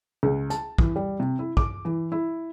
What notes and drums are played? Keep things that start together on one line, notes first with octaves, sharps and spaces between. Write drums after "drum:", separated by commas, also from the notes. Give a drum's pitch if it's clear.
C#2
A5, drum: hi-hat
E3, drum: kick
G3
C3
E4
D6, drum: kick
E3
E4